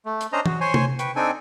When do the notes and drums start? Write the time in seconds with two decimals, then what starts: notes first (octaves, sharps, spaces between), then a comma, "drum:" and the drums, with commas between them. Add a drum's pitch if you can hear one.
0.06 A3
0.21 drum: hi-hat
0.33 C#4 D4 C5 D#5 A#5
0.46 F#4, drum: tom E3
0.61 C5 C#5 G#5 C6 C#6
0.74 drum: tom C3
0.99 B4 G5 C#6, drum: hi-hat
1.16 C4 D4 D#4 A4 G5 G#5